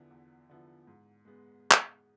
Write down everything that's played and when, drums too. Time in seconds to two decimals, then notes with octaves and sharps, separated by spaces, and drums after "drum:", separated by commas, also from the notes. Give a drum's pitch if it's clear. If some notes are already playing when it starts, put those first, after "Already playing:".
Already playing: E2 D3 F3 B3 E4
0.11 E2
0.49 D3 F3 B3 E4
0.87 G#2
1.25 G#3 B3
1.71 drum: clap